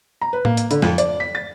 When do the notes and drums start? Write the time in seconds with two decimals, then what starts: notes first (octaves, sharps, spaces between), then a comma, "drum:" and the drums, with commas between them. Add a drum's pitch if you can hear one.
0.21 A#5
0.33 B4
0.45 A#3, drum: tom A2
0.57 drum: hi-hat
0.71 D3, drum: hi-hat
0.82 F2, drum: snare
0.98 D5, drum: hi-hat
1.20 B6
1.35 A6